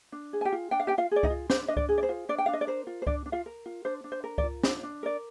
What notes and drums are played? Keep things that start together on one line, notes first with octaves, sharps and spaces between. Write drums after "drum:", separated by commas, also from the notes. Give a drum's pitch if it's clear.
D4
G#4
G#5
G4 G5
F4
D4 G5
F5
G4 G5
D4
F4 F5
G#4 D5
D#4 D#5, drum: kick C#2
F4
D4 C5, drum: snare
D4 D#5
D5, drum: kick C#2
G#4
D5
C5
F4
D4 D5
G5
D4 F5
D#5
D5
A#4 C5
F4
C5
D4 D5, drum: kick C#2
D4
F4 F5
A#4
F4
D4 C5
D4
C5
A#4
D5, drum: kick C#2
F4
D4 D#4 D#5, drum: snare
D4
A#4 D5